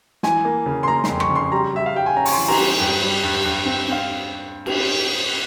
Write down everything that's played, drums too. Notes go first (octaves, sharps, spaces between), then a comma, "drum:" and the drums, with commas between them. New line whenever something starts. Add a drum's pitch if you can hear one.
E3 G#5, drum: snare
A#3
C#3
C6
A#3 A#5
F2 C6, drum: snare
C#6, drum: rim click
C#3
C6
G3 A#5
G3 E5
F5
G3 G5
G#5
C#4 A#5
C#6, drum: open hi-hat
C6
E3
A#5, drum: cymbal
G3
G2
G3
G2
G2
C4
C4 F5
drum: cymbal